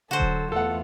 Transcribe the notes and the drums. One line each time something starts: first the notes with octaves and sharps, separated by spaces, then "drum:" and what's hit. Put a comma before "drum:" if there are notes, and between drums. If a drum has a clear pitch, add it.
D3 F#3 F#4 A4 C5
drum: kick D#1
E2 A3 F4 A4 F#5